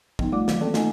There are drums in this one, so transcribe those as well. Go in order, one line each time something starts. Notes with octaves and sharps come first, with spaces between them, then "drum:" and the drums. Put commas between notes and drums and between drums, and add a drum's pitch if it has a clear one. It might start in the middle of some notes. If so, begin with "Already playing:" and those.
F3 B3 D#4, drum: kick
G3 A3 F4 D5 D6
D#3 E3 F#3 F5, drum: snare
A#3 C4 C#4 A4 D5 G5
A3 C#4 D#4 F4 D#5 G#5, drum: snare